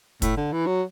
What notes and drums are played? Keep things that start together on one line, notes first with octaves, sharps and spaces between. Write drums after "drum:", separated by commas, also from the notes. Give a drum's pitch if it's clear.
A2, drum: kick, hi-hat
D3
E3
F#3